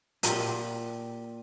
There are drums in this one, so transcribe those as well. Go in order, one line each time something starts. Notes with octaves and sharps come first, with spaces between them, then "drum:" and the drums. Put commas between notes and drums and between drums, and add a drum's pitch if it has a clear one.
A#2 G4, drum: hi-hat